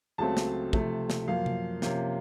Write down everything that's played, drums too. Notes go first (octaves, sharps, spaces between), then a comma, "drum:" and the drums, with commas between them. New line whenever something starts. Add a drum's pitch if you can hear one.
C#2 C#3 F#3 A3 C4 A5
drum: snare
C3 F3 A3, drum: kick
drum: snare
F#2 F3 A#3 F5
drum: tom C3
C3 F3 A#3 C#4, drum: snare